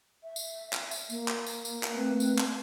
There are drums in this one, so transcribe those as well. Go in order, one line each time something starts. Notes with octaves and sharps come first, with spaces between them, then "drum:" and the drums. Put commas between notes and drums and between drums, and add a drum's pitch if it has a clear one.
E5
drum: tambourine
drum: clap
drum: tambourine
A#3, drum: tambourine
drum: clap
drum: tambourine
drum: tambourine
drum: clap
A3 C4 B4
drum: tambourine
drum: clap